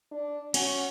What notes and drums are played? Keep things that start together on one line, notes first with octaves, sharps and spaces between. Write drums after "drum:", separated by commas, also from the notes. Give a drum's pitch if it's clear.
D4
C#4 F#4, drum: cymbal